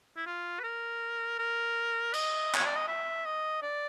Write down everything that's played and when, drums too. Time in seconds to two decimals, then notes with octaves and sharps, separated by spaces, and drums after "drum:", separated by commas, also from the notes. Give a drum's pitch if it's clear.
0.17 E4
0.26 F4
0.60 B4
0.63 A#4
1.39 A#4
2.14 D#5, drum: cymbal
2.54 C#5, drum: clap
2.65 D5
2.76 D#5
2.88 E5
3.25 D#5
3.62 D5